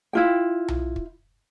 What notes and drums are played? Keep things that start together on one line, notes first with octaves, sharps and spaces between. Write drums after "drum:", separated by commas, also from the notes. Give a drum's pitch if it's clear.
E4 F4 G5
drum: tom B1
drum: kick